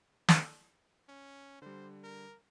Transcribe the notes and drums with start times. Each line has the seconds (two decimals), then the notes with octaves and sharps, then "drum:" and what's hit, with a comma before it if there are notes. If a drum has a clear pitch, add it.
0.29 drum: snare
1.09 C#4
1.62 D3 G3 C5
2.04 A#4